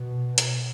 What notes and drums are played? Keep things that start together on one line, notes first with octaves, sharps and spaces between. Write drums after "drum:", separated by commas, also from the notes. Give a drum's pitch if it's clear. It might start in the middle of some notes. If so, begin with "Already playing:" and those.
Already playing: B2
drum: hi-hat